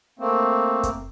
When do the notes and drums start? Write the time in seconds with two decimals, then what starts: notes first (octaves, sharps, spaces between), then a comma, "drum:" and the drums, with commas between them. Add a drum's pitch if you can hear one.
0.19 A3 A#3 C4
0.83 drum: kick F#1, hi-hat